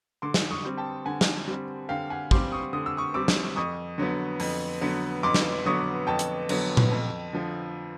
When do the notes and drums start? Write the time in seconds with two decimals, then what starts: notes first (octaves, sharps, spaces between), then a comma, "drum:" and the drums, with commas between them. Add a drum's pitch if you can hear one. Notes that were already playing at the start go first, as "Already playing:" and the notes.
0.22 D3 C6 D6
0.34 drum: snare
0.51 C#6 D#6
0.65 G3 C4
0.77 G5 A5
1.05 D3 F#5 G#5
1.21 drum: snare
1.48 G3 C4
1.89 D3 F5 G5
2.10 F#5 G#5
2.31 G3 C4 C6 D6, drum: kick
2.52 C#6 D#6
2.73 D3 D#6
2.86 E6
2.97 C#6 D#6
3.14 G3 C4 D6 E6
3.28 drum: snare
3.56 F2 C#6 D#6
3.98 D3 F#3 B3
4.40 F2, drum: open hi-hat
4.81 D3 F#3 B3
5.23 F2 C6 D6
5.34 drum: snare
5.65 D3 F#3 B3 C#6 D#6
6.07 F2 G5 A5
6.19 drum: hi-hat
6.49 D3 F#3 B3, drum: cymbal
6.77 drum: tom A#2
6.91 F2
7.33 D3 F3